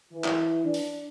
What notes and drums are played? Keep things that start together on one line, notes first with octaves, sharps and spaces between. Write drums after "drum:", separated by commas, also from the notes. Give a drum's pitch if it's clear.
E3
drum: clap
D4
drum: open hi-hat